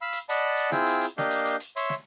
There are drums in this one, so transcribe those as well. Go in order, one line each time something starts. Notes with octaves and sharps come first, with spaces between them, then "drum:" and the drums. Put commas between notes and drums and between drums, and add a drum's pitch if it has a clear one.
F5 B5 E6
drum: hi-hat
D5 D#5 F#5 A5 B5, drum: hi-hat
drum: hi-hat
C4 E4 F4 G#4 G5, drum: snare
drum: hi-hat
drum: hi-hat
A#3 D4 G4 D#5 F5 G6, drum: snare
drum: hi-hat
drum: hi-hat
drum: hi-hat
C#5 E5 C6, drum: hi-hat
drum: snare